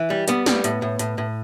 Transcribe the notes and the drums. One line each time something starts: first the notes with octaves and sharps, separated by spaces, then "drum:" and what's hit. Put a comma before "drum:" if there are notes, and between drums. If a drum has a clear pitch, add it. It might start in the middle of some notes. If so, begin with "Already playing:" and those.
Already playing: E3
G3
G3 B3, drum: hi-hat
G3, drum: snare
A2, drum: hi-hat
A2
A2, drum: hi-hat
A2